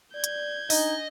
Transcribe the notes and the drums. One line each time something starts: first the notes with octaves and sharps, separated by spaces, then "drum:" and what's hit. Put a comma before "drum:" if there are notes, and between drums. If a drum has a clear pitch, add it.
D5 G6 G#6
drum: hi-hat
D4 D#4 D#5 G#5, drum: open hi-hat